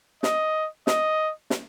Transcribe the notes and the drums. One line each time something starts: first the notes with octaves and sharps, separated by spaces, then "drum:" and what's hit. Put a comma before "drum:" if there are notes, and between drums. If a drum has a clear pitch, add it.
D#5, drum: snare
D#5, drum: snare
drum: snare